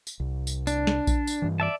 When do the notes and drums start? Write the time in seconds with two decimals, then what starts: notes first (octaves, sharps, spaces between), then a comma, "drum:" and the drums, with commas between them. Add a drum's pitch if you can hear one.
0.07 drum: tambourine
0.20 C2
0.47 drum: tambourine
0.67 D4, drum: tambourine
0.87 drum: snare
1.07 drum: kick A#1, tambourine
1.27 drum: tambourine
1.42 G2 E3
1.60 D5 E5 A5